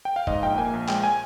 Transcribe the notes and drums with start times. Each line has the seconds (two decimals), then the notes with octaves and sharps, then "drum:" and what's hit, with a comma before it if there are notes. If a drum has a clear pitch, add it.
0.05 G5
0.16 F5
0.27 G#2 D#5, drum: kick F1
0.42 A#1 G5
0.58 A#3 G#5
0.73 A#1
0.88 G#3 G5, drum: clap
1.03 G#5